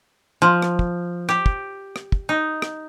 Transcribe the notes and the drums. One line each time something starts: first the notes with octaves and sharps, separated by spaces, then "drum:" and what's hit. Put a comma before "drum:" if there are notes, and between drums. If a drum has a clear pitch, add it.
F3
drum: rim click
drum: kick
G4, drum: rim click
drum: kick
drum: rim click
drum: kick
D#4
drum: rim click